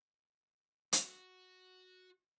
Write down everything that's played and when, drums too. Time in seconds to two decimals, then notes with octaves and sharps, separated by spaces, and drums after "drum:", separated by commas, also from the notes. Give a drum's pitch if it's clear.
0.93 F#4, drum: hi-hat